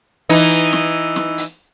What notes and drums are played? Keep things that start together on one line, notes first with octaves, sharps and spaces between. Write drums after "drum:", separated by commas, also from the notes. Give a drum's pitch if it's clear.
E3 D#4, drum: hi-hat
drum: hi-hat
drum: snare
drum: snare
drum: hi-hat